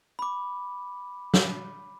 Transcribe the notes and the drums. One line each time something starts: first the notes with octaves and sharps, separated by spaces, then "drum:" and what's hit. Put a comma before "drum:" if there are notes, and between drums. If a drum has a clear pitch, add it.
B5 D6
drum: snare